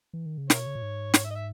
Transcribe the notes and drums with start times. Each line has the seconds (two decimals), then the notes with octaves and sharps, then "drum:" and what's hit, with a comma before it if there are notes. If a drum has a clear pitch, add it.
0.13 E3
0.26 D#3
0.38 C#3
0.50 B2 E4 A#4 C#5, drum: snare
0.67 C#3
0.75 A#2
0.82 G#2
1.14 C#5, drum: snare
1.24 E5
1.30 D#5
1.35 E5